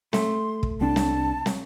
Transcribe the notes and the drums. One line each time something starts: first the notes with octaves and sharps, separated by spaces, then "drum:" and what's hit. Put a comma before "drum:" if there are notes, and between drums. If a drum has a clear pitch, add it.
A3 C6, drum: snare
drum: kick
C2 C4 D4 A5
drum: snare
drum: snare